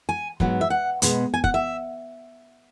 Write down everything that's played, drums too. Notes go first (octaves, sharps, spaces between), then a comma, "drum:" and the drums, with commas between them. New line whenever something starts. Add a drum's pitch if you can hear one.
G#5
G#2 F#3 B3, drum: kick
E5
F#5
B2 G#3 B3, drum: hi-hat
G#5
F#5, drum: kick
E5